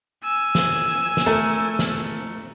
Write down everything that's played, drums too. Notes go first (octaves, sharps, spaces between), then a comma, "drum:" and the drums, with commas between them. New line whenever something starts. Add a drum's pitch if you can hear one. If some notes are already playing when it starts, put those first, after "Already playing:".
G#5 E6
drum: snare
drum: snare
A3 A4 A#4
drum: snare